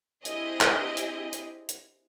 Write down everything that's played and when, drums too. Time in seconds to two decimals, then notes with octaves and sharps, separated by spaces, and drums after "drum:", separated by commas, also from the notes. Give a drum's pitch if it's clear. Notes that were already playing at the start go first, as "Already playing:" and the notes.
0.25 C4 D4 E4 G4 G#4 D#5, drum: hi-hat
0.61 drum: clap
0.97 drum: hi-hat
1.33 drum: hi-hat
1.68 drum: hi-hat